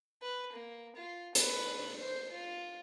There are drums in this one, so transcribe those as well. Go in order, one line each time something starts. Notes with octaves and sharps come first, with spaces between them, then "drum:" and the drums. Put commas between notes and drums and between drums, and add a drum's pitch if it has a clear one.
B4
A#3
F4
B4, drum: hi-hat
C5
F4